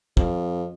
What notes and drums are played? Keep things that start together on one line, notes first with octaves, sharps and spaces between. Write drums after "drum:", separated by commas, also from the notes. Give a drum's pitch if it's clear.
F2, drum: kick